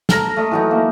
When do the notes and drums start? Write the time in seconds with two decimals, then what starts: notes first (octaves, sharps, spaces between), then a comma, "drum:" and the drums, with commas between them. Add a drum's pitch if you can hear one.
0.09 A4 A#4 A#5, drum: snare
0.37 A3 D#5
0.51 E3 F#3 D#4
0.71 A#3